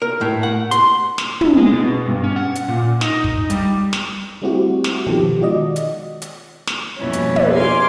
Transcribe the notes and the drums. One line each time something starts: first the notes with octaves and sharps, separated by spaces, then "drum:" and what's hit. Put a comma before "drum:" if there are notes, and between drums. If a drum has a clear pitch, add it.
A#4
A2
F#5
C6, drum: hi-hat
drum: snare
drum: tom
G#3
B2
G2
C#4
F#5
drum: hi-hat
A#2
D#4, drum: snare
drum: kick
G3, drum: hi-hat
drum: snare
G3 A3 C4 E4 F#4 G4
drum: snare
B2 D#3 F3 B3 G4 A4
D#3 G#3 F4 F#4 D5 D#5
drum: hi-hat
drum: hi-hat
drum: snare
F2 B2 E3 G3 A#3 C#4
drum: hi-hat
drum: tom
F5 G#5 C6 D6 F6